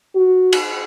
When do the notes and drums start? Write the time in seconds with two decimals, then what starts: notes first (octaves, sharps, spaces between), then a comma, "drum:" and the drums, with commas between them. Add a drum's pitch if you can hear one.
0.16 F#4
0.53 drum: cymbal